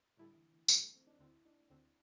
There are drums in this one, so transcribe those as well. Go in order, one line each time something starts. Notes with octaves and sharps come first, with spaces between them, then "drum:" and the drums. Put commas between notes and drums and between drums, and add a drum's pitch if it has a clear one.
A2 D3 G3 E4 A4
E3
E3
A2 G3 E4 A4, drum: tambourine
A3
C4
D4
D2 D3 C4 E4
D4
D2 D3 C4